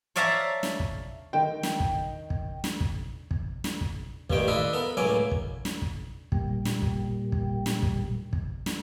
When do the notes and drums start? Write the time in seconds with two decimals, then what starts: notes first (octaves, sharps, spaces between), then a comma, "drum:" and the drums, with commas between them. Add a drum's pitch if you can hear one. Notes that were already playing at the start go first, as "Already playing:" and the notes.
0.16 C#5 D5 E5 F5 A5 A#5
0.63 drum: snare
0.80 drum: kick
1.33 D#3 D#4 G5
1.63 drum: snare
1.80 drum: kick
2.30 drum: kick
2.64 drum: snare
2.80 drum: kick
3.31 drum: kick
3.64 drum: snare
3.81 drum: kick
4.30 A1 G2 A#2 D#3 A#3 G5, drum: kick
4.48 D4 E4 F4 A4 D#5
4.73 B3 A4 A#4
4.97 C#2 A2 F#3 A#3 G#5 D6
5.31 drum: kick
5.65 drum: snare
5.82 drum: kick
6.32 A#2 G3, drum: kick
6.65 drum: snare
6.82 drum: kick
7.32 drum: kick
7.66 drum: snare
7.82 drum: kick
8.33 drum: kick
8.66 drum: snare